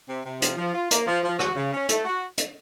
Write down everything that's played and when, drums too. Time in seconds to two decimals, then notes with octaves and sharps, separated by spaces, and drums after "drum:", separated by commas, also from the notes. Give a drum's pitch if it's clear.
0.09 C3
0.26 C3
0.42 F3, drum: hi-hat
0.58 F3
0.74 F4
0.91 A#3, drum: hi-hat
1.07 F3
1.24 F3
1.39 F#4, drum: rim click
1.56 C#3
1.73 C#4
1.89 A3, drum: hi-hat
2.05 F#4
2.38 drum: hi-hat